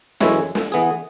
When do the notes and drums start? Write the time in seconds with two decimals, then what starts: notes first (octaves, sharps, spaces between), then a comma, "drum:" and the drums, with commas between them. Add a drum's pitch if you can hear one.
0.20 F#2 E3 G#3 E4 C#5, drum: snare
0.55 drum: snare
0.72 E3 B3 G#4